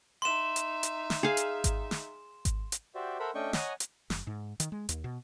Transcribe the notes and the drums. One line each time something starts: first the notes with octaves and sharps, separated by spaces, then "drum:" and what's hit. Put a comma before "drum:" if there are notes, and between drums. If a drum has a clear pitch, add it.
D#4 E5 C6 E7
drum: hi-hat
drum: hi-hat
drum: snare
G#4 F5
drum: hi-hat
drum: kick G#1, hi-hat
drum: snare
drum: kick G#1, hi-hat
drum: hi-hat
F#4 G4 C5 D5 E5
A4 A#4 C5 E5 F#5 B5
A3 C#4 D4 D#5 G5 C#6
C#5 D#5 F#5 G#5 A#5, drum: snare
drum: hi-hat
F#1, drum: snare
G#2
D#3, drum: hi-hat
G#3
D#2, drum: hi-hat
B2